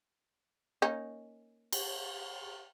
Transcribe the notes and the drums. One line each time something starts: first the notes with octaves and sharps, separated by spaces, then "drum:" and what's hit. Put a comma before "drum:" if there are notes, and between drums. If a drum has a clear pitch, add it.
A#3 C#4 D#4
drum: cymbal